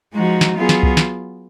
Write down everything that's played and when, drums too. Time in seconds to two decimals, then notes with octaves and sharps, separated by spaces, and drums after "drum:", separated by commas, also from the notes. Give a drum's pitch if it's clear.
0.13 F3 G#3 D#4 F#4
0.41 drum: snare
0.55 F#3 B3 F4 G#4
0.69 drum: snare
0.83 drum: kick C2
0.97 drum: snare